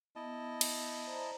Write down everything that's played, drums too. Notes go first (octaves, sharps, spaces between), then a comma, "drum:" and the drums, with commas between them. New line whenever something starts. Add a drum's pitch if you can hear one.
B3 E4 D#5 A5
drum: cymbal
C5 D5 A#5